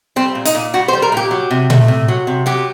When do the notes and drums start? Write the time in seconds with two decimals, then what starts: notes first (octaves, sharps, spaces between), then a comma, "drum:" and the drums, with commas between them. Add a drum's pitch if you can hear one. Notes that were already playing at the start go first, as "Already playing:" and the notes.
0.16 G3 C4
0.35 A#2
0.45 D#4, drum: hi-hat
0.55 A#2
0.74 G3 F#4
0.88 C5
0.93 G3
1.02 A#4
1.12 A#2 G4
1.31 F#3
1.51 C3
1.70 A3, drum: tom A#2
1.88 C3
2.08 F#3
2.27 C3
2.46 F#3 G4